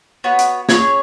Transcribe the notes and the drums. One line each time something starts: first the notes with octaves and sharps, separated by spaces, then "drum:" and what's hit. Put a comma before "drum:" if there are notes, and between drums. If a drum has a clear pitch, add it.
B3 F#4 C#5
drum: hi-hat
C#4 G#4 C#5, drum: snare